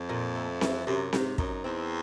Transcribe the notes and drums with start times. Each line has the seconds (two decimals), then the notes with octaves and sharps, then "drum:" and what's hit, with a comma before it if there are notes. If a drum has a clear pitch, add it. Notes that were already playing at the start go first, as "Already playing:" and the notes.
Already playing: F2
0.09 A#2
0.35 A3
0.61 E3, drum: snare C4
0.87 F#2 C3
1.13 G#2 C3, drum: snare C4
1.38 F#2 D#4, drum: kick
1.64 E2 C4